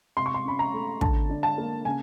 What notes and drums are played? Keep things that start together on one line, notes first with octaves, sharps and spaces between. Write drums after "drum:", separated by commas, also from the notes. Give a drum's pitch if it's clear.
C3 C6
C#6
C6
C#4 B5
A#5
A3
D3 A5, drum: kick
D4
A5
A#3
C#3 G#5